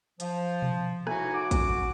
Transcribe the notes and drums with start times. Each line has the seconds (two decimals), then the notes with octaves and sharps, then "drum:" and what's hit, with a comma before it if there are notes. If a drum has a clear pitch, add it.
0.20 F3, drum: hi-hat
0.62 drum: tom B2
1.07 A2 E3 D#4 F#4 G#5, drum: rim click
1.34 F#4 D6
1.51 drum: kick, hi-hat